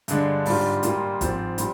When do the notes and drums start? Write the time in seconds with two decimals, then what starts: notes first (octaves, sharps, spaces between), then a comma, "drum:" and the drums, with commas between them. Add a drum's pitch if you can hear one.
0.08 G2 D3 G#3 D4, drum: hi-hat
0.46 G#2 G3 D4 F4, drum: open hi-hat
0.83 A#2 G3 A#3 F4, drum: hi-hat
1.21 G#2 F3 C4, drum: kick G1, hi-hat
1.58 A#2 G3, drum: hi-hat